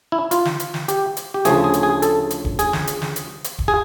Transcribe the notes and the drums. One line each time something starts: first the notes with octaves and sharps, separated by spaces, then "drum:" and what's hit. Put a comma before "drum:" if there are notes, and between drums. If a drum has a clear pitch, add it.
E4
F4, drum: hi-hat
drum: snare
drum: hi-hat
drum: snare
G4, drum: hi-hat
drum: hi-hat
G4
D2 C#3 F3 A3 G#4, drum: hi-hat
G#4
drum: hi-hat
G#4
A4, drum: hi-hat
drum: hi-hat
drum: kick
G#4, drum: hi-hat
drum: snare
drum: hi-hat
drum: snare
drum: hi-hat
drum: hi-hat
drum: kick
G#4